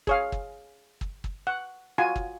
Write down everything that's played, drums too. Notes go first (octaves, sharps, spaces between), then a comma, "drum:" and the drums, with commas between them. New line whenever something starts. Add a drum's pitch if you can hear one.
G#4 C#5 F5, drum: kick
drum: kick
drum: kick
drum: kick
F#5
F4 F#4 G#5
drum: kick